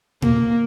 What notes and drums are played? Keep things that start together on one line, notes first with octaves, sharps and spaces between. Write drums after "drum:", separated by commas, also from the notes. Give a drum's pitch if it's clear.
A#3, drum: tom A#2